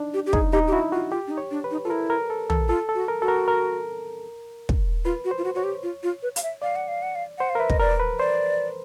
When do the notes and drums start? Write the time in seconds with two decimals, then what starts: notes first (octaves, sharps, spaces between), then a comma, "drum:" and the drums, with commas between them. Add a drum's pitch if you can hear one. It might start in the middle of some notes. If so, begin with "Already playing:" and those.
Already playing: D4 D#4
0.14 G4
0.27 G4
0.33 D#4 G#4, drum: kick
0.53 D#4 G4
0.68 G4
0.72 E4 F#4
0.92 F4 F#4
1.11 F4 G4
1.27 D4
1.31 D#4
1.38 C#5
1.51 D4
1.64 B4
1.71 D#4
1.85 F4 A4
1.90 E4 A#4
2.10 A#4
2.30 A4
2.50 A4, drum: tom
2.68 F4 A4
2.89 A4
2.95 F#4
3.08 A#4
3.21 F#4 A4
3.28 A#4
3.48 A#4
4.69 drum: kick
5.05 F4 B4
5.25 F#4
5.31 C5
5.38 F4
5.44 F#4
5.55 F#4 C#5
5.64 G4
5.83 F4
6.03 F4
6.23 B4
6.36 F5, drum: hi-hat
6.43 E5
6.62 D5 F5
6.76 F#5
6.88 F5
7.02 F#5
7.15 F5
7.38 C5 F#5
7.50 F5
7.55 A#4
7.59 B4 E5
7.70 D#5, drum: kick
7.80 A#4 D5
8.00 B4
8.19 C5 D5